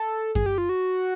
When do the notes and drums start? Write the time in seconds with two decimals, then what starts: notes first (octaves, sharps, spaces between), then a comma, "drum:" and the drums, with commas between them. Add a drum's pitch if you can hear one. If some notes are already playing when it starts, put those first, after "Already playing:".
Already playing: A4
0.35 G#4, drum: kick F#2
0.46 G4
0.58 F4
0.69 F#4